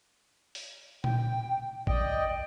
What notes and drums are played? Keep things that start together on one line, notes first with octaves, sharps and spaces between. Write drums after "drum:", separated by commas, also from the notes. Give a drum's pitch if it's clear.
drum: open hi-hat
G5, drum: tom A#2
D5 D#5 G5, drum: kick A1